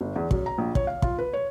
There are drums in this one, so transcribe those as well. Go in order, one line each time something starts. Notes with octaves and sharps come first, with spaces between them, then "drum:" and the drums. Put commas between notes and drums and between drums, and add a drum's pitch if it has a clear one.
G1
E2
F#2, drum: kick
A#5
A#1
C#5, drum: kick
F5
F4, drum: kick
B4
C#5